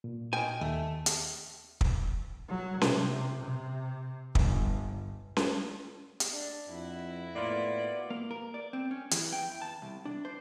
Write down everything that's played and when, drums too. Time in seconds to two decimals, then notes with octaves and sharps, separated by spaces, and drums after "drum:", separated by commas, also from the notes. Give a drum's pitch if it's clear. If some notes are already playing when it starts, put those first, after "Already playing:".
0.04 A#2
0.33 D#3 G5 G#5
0.61 D#2 A3
1.06 drum: hi-hat
1.81 drum: kick
2.49 F#3
2.81 C3, drum: snare C#4
3.44 C3
4.35 G1, drum: kick
5.37 drum: snare C#4
6.20 drum: hi-hat
6.33 D4
6.69 F2 E4 F#4
7.35 A2 A#3 B3 F4 D5
8.10 A#3
8.31 A#4
8.54 D5
8.73 C4
8.91 C#4
9.11 E3, drum: hi-hat
9.33 G5
9.49 E2
9.62 A5
9.82 C2
10.05 D4
10.25 C5